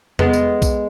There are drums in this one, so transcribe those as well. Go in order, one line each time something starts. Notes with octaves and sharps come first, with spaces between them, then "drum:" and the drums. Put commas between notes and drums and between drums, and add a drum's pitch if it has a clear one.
G#3 B3, drum: tom E2
drum: tambourine
drum: kick, tambourine